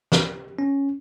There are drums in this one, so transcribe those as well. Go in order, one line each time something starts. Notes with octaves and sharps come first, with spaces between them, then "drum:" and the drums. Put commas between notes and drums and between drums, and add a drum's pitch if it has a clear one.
G4, drum: snare
C#4